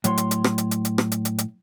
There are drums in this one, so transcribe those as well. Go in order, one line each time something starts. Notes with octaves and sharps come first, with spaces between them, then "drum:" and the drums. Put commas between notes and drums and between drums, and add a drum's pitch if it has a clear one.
A2 F#3 C#5 C6, drum: hi-hat
drum: hi-hat
drum: hi-hat
drum: rim click
drum: hi-hat
drum: hi-hat
drum: hi-hat
drum: rim click
drum: hi-hat
drum: hi-hat
drum: hi-hat